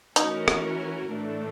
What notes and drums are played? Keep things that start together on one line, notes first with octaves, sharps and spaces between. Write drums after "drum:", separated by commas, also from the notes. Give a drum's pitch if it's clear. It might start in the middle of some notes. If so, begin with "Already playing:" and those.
E3 A3 C#4 D#4 F#4 A#4, drum: hi-hat
drum: rim click
A2 E3 A3 D4